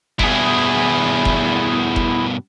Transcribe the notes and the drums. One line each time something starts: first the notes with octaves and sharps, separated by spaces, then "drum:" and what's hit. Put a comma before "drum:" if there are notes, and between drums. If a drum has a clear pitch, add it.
G2 B2 E4 G#4, drum: kick F#1
drum: kick F#1
drum: kick F#1